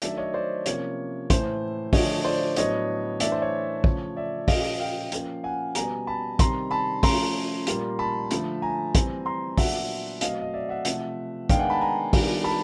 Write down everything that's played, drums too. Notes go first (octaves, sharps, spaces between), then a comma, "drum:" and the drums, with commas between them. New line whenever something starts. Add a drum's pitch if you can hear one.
D#3 F#3 A3 D4 D5 E5, drum: hi-hat
C#5 D#5
C5 D5
C3 F3 A#3 C#4 C#5, drum: hi-hat
A2 E3 A3 C5, drum: kick, hi-hat
D3 F3 A3 D4 C#5 D#5, drum: kick, open hi-hat
C5 D5
A2 F#3 B3 D4 C#5 D#5, drum: hi-hat
E3 A3 D4 D5 E5, drum: hi-hat
C5
C#5
C#3 F3 A3, drum: kick
D5 E5
A#2 F3 A#3 C#4 D#5 F5, drum: kick, open hi-hat
F5 G5
F3 A#3 C#4, drum: hi-hat
F#5 G#5
B2 G3 B3 G#5 A#5, drum: hi-hat
A5 B5
C3 D#3 G3 C4 A#5 C6, drum: kick, hi-hat
A5 B5
F3 A3 C#4 A#5 C6, drum: kick, open hi-hat
A#2 G3 A#3, drum: hi-hat
A5 B5
D3 F3 A3, drum: hi-hat
G#5 A#5
E3 G3 C4, drum: kick, hi-hat
A#5 C6
A#2 F#3 B3 D4 E5 F#5, drum: kick, open hi-hat
B2 F#3 A3 C4 D#5 F5, drum: hi-hat
D#5
D5 E5
E5 F#5
C3 F3 A3, drum: hi-hat
D#3 G#3 B3 D4 F5 G5, drum: kick, hi-hat
F#5 G#5
A5 B5
G#5 A#5
D#3 G3 B3 D4, drum: kick, open hi-hat
A5 B5